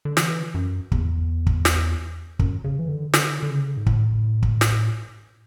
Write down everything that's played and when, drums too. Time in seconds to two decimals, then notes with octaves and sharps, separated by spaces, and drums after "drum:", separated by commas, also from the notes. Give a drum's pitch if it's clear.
0.05 D3
0.17 E3, drum: snare
0.54 F#2
0.92 E2, drum: kick
1.47 drum: kick
1.65 drum: snare
2.39 F#2, drum: kick
2.64 C#3
2.79 E3
2.89 D3
3.14 D3, drum: snare
3.43 D3
3.50 C#3
3.77 G#2
3.86 A2, drum: kick
4.43 drum: kick
4.61 drum: snare